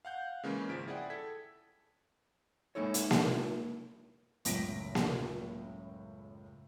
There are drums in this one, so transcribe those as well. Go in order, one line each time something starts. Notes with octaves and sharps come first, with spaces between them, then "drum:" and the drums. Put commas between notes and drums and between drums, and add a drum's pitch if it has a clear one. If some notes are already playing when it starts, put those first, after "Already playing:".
F5 F#5 G6
C#3 E3 G#3 A#3 C#4
G#1 F3 B6 D7
E4 G#4 D5 F#5 G5
A4 G#6 B6
G#3 A#3 D#4 E4 A4 C#5
drum: hi-hat
drum: snare A#3
F#1 C#2 A2 A#6 B6 D7, drum: hi-hat
drum: snare A#3